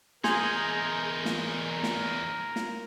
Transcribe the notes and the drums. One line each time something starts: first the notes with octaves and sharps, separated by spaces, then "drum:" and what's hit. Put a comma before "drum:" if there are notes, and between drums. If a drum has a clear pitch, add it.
E2 D#4 G#4 A#4 C6 G6 F7, drum: snare
drum: snare
drum: snare
drum: snare